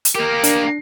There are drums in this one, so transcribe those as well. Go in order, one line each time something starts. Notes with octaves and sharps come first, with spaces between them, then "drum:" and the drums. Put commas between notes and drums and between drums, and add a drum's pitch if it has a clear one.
drum: hi-hat
A#3 G4 A#4
D4, drum: hi-hat